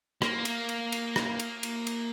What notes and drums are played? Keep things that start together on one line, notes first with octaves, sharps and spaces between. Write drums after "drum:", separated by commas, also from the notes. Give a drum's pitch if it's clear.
A#3, drum: rim click
drum: cymbal
drum: cymbal
drum: cymbal
drum: rim click
drum: cymbal
drum: cymbal
drum: cymbal